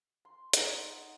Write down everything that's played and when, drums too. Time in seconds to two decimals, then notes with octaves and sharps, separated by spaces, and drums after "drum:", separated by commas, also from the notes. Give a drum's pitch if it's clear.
0.25 C6
0.53 D#4, drum: hi-hat
0.73 F#5